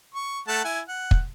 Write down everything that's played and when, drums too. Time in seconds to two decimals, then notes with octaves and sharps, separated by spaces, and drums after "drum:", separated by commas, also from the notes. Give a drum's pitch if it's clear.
0.15 C#6
0.48 A3 F#5 A5
0.64 E4 G#5
0.88 F#5
1.11 drum: kick